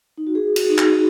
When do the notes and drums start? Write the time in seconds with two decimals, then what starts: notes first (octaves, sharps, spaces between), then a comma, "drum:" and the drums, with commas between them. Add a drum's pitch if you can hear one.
0.18 D#4
0.27 F#4
0.35 G#4
0.56 F#4, drum: cymbal
0.70 D#4
0.78 F#4, drum: clap